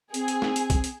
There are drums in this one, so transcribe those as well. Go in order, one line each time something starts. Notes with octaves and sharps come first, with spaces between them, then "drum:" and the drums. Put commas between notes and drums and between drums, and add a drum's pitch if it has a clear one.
C4 G#4, drum: hi-hat
drum: hi-hat
drum: snare
drum: hi-hat
drum: kick C2, hi-hat
drum: hi-hat